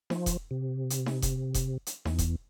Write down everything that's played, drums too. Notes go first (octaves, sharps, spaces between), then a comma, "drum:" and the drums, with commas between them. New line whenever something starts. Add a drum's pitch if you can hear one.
F3, drum: snare D#4
drum: kick E1, hi-hat
C3
drum: hi-hat
drum: snare D#4
drum: kick E1, hi-hat
drum: kick E1, hi-hat
drum: hi-hat
E2, drum: snare D#4
drum: kick E1, hi-hat